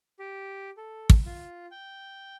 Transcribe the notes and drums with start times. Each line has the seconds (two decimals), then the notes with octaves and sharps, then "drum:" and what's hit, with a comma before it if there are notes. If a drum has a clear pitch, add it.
0.19 G4
0.77 A4
1.10 drum: kick
1.26 F4
1.71 G5